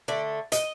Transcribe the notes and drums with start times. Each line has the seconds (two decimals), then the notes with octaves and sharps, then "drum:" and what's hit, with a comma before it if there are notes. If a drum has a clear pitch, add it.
0.08 D3 A3 D5
0.52 D#5, drum: hi-hat